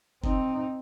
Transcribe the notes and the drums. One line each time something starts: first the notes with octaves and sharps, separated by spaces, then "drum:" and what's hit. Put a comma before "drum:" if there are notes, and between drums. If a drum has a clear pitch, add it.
C4 D#4, drum: kick F#1